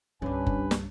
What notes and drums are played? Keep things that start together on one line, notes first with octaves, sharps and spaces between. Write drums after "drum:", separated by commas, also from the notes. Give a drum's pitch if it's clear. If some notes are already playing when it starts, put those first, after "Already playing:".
C2 G2 D3 C#4 D4 B4 G#5
drum: kick F#1
drum: snare